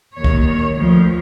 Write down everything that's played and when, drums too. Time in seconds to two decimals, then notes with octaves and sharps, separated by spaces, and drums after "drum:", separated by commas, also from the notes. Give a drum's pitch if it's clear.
0.14 D#2 C#5
0.24 drum: kick C2
0.74 D2 F3